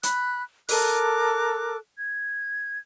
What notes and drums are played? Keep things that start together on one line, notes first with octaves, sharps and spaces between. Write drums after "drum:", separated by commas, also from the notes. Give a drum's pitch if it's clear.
B5 F#6, drum: hi-hat
A4 A#4 D6 F#6, drum: open hi-hat
G#6